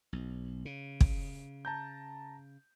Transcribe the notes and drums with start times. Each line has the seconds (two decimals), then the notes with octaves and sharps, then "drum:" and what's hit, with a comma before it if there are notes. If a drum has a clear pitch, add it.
0.13 B1
0.65 C#3
1.01 drum: kick
1.65 A5 A#5 G6